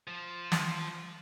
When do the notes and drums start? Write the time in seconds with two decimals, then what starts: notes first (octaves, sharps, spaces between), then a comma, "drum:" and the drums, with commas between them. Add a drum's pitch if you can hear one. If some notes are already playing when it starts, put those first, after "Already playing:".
0.08 F3
0.52 drum: snare